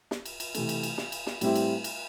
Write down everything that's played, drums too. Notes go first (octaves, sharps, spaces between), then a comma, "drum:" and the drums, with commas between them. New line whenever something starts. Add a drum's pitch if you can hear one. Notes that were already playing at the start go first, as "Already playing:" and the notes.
drum: snare
drum: cymbal
drum: cymbal
C3 E3 A3, drum: cymbal
drum: cymbal
drum: cymbal
drum: snare
drum: cymbal
drum: snare
A2 G3 C4 E4 G4, drum: cymbal
drum: cymbal
drum: cymbal